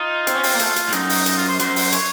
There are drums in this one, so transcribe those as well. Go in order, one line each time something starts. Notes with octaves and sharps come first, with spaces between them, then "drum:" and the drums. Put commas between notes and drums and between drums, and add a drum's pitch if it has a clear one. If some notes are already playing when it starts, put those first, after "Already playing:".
Already playing: D#4 F4
C4, drum: hi-hat
C#4
C4, drum: open hi-hat
A#3
A3, drum: hi-hat
drum: hi-hat
A2
F#2 D#4, drum: hi-hat
drum: open hi-hat
D#4, drum: hi-hat
F4
C5
F#2 C5, drum: hi-hat
drum: open hi-hat
C#5, drum: hi-hat